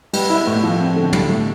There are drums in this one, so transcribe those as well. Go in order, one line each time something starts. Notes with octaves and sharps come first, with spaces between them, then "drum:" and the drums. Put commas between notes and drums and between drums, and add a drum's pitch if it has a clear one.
G3, drum: cymbal
E4
A2
F3
C4
D3
G3, drum: tom
A2